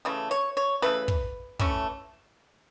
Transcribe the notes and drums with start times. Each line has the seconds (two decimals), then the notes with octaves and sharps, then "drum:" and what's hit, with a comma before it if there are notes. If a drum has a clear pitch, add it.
0.05 C#3 E3 A3
0.31 C#5
0.57 C#5
0.82 C#3 E3 A3 B4
1.08 drum: kick
1.59 E3 A3 C#4, drum: kick